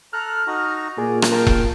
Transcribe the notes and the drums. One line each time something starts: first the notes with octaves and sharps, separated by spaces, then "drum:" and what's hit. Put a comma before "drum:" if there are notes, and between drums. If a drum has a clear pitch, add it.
A4 A#5 F6 F#6
D#4 F#4 A#5
A#2 G#4 D5
drum: rim click
A#4 F5 G5 A5
drum: kick E1